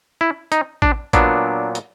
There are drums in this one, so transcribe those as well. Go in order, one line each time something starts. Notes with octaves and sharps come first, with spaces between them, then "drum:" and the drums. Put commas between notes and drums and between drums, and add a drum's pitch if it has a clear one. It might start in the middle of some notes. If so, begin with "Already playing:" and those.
E4
D#4, drum: hi-hat
D4, drum: kick A1
A#2 F#3 B3 D4, drum: kick A1, hi-hat
drum: hi-hat